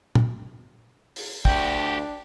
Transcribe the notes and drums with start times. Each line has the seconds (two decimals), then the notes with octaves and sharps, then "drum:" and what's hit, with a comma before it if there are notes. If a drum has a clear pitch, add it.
0.15 drum: tom
1.16 drum: open hi-hat
1.45 D2 D4 F#4 G4 G5, drum: kick